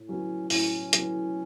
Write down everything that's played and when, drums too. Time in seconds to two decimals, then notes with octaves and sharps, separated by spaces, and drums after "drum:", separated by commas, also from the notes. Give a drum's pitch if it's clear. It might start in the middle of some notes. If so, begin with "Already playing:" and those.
Already playing: A2
0.09 F#3 B3 C#4
0.50 A2 C#4, drum: open hi-hat
0.93 F#3 B3, drum: hi-hat